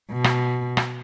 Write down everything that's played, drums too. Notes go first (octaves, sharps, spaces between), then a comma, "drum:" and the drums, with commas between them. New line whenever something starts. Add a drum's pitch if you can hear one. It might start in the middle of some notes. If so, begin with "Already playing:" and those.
B2
drum: rim click
drum: rim click